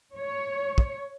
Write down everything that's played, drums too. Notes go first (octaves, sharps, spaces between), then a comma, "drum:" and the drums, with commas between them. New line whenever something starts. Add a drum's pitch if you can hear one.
C#5
drum: kick